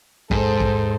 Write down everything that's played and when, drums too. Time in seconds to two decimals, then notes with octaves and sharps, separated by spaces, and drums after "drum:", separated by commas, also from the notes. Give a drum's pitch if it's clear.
0.31 G#2 A4 C5, drum: kick A#1
0.60 drum: kick A#1